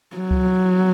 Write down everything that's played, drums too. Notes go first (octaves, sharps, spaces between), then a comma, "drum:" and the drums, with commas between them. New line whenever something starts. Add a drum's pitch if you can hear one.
F#3
drum: kick C#2